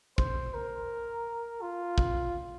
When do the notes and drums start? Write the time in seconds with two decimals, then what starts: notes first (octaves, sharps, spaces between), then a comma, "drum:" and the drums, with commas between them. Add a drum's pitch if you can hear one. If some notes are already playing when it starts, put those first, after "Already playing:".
0.18 C5, drum: kick
0.54 A#4
1.62 F4
1.98 drum: kick